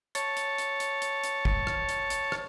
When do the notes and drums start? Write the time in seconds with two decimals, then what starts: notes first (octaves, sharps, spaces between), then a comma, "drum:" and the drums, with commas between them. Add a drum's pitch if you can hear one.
0.15 C#5 A5, drum: hi-hat
0.37 drum: hi-hat
0.58 drum: hi-hat
0.80 drum: hi-hat
1.02 drum: hi-hat
1.24 drum: hi-hat
1.45 drum: kick
1.67 drum: rim click
1.89 drum: hi-hat
2.10 drum: hi-hat
2.32 drum: rim click